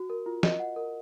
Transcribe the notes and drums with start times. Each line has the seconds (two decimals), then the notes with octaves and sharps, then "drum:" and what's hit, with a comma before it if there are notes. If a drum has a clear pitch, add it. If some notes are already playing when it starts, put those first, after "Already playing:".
Already playing: F#4
0.10 A#4
0.26 F4
0.43 D#5, drum: snare
0.60 F#5
0.76 A#4